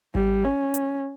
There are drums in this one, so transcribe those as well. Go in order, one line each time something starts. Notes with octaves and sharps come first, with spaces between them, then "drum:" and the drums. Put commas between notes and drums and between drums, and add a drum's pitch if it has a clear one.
G3, drum: kick G#1
C#4
drum: hi-hat